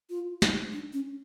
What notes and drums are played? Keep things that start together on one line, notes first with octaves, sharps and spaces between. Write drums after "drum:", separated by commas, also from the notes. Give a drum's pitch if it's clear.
F4
D#4, drum: snare
D4
C#4